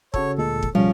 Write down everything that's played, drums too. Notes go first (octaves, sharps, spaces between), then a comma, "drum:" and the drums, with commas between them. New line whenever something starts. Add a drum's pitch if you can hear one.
C#3 F#4 A4 C#5, drum: kick
D2 A#2 G#3 A4
drum: kick
B1 C#3 F3 G3 C#4